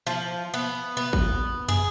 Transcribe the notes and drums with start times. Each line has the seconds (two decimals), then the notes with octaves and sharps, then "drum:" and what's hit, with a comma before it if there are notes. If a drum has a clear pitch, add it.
0.07 F3
0.54 B3
0.97 B3
1.13 drum: kick
1.68 G#4, drum: tom